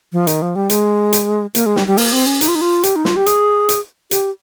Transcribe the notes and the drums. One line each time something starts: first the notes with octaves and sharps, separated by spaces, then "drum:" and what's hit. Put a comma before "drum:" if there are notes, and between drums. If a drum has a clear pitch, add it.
F3
D#3, drum: hi-hat
F3
G3
G#3, drum: hi-hat
drum: hi-hat
A#3, drum: hi-hat
G#3
G3, drum: snare
G3
A#3, drum: open hi-hat
C4
C#4
D#4, drum: hi-hat
F4
D#4
F4
G4, drum: hi-hat
D#4
F4, drum: snare
G4
G#4, drum: hi-hat
drum: hi-hat
G4, drum: hi-hat